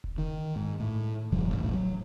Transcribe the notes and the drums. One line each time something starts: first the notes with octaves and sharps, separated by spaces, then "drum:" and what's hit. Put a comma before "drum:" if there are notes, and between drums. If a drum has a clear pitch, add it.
drum: kick E1
D#3
G#2
A2
G2 C3 F3 G3, drum: kick E1
D#1 A1
F#3